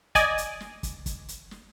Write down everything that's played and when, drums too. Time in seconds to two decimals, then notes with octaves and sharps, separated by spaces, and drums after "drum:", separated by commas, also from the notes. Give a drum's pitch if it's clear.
0.15 D5 D#5 G#5, drum: kick, hi-hat
0.38 drum: hi-hat
0.60 drum: snare
0.83 drum: kick, hi-hat
1.06 drum: kick, hi-hat
1.28 drum: hi-hat
1.51 drum: snare